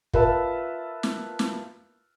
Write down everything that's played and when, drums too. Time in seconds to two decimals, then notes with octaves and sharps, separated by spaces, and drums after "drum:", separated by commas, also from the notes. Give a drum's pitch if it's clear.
0.14 F4 A#4 B4 E5 A5, drum: kick
1.03 drum: snare
1.39 drum: snare